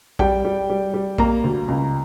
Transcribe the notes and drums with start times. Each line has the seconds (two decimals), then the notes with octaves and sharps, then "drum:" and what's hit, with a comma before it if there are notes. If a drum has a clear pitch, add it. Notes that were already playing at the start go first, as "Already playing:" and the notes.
0.19 G3 G5, drum: kick
0.45 G3
0.69 G3
0.94 G3
1.18 A#3 A#5, drum: kick
1.44 D2
1.68 C#2